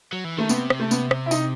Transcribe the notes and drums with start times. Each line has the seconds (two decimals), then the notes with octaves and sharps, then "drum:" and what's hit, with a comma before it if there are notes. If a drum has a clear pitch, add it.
0.13 F#3
0.25 E3
0.37 D#3 A3
0.49 C3 B3, drum: tambourine
0.70 drum: rim click
0.80 A3
0.91 B3, drum: tambourine
1.11 drum: rim click
1.26 E4
1.31 D#4, drum: tambourine